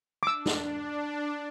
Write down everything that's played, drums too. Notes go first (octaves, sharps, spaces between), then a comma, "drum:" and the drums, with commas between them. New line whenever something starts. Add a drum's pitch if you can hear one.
D4 D6 E6
drum: snare